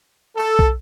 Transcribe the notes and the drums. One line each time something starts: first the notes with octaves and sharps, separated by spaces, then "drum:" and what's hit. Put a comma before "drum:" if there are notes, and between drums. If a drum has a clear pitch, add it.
A4
drum: kick